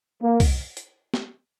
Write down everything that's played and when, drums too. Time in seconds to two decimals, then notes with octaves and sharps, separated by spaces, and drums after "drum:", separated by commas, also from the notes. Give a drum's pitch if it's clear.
0.22 A#3
0.40 drum: kick C2, open hi-hat
0.77 drum: hi-hat
1.14 drum: snare